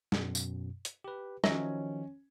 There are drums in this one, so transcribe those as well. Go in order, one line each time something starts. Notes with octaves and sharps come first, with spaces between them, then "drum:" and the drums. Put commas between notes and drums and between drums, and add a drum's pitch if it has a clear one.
F#2 B2, drum: snare
drum: tambourine
drum: hi-hat
G4 B4
D#3 F3 F#3 C#4 D#5 E5, drum: snare